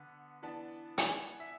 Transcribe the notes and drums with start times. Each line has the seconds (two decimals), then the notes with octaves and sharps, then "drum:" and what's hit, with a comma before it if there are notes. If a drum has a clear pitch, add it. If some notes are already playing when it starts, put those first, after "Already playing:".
Already playing: D3 B3
0.42 E3 B3 D4 A5
0.98 F#5, drum: hi-hat
1.07 G#5
1.40 E5